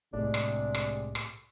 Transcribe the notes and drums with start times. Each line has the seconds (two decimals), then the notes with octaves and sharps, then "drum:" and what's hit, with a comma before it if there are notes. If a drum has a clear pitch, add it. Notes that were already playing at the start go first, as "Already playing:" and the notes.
0.14 C2 A2 C3 G#3 D4
0.34 drum: rim click
0.74 drum: rim click
1.15 drum: rim click